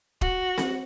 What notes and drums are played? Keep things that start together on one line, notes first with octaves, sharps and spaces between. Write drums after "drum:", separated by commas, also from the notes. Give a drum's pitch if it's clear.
F#4, drum: kick D#1
drum: snare C4